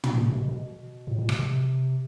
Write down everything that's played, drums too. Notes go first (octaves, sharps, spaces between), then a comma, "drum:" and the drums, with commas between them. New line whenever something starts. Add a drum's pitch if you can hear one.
drum: tom
C3
B2
B2
A2
A#2
B2, drum: rim click
C3